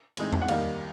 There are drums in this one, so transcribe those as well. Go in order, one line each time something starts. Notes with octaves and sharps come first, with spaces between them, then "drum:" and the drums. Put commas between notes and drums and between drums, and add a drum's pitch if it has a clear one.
A2 E3 G#3 C4 D#4, drum: cymbal
drum: tom E2
F#5
D#2 D#3 G3 A#3 D#4 F5, drum: cymbal